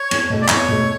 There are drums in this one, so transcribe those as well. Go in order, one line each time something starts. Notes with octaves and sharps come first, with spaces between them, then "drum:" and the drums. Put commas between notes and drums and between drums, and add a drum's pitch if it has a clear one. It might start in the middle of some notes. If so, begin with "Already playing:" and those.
Already playing: C#5
E2, drum: cymbal
B2 A3
D5
E2 C#5, drum: clap
B2 A3